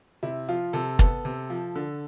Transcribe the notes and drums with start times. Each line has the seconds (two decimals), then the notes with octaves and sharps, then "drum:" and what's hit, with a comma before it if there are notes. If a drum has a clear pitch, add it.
0.23 C3 E4
0.48 F3 F4
0.73 C3 A4
0.99 B3 A4, drum: kick
1.25 C3
1.50 F3
1.75 D3